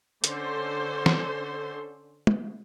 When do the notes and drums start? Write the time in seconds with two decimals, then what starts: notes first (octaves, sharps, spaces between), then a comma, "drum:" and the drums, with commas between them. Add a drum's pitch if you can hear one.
0.24 D3 C#4 A4 C5 C6, drum: hi-hat
1.06 drum: snare
2.27 drum: tom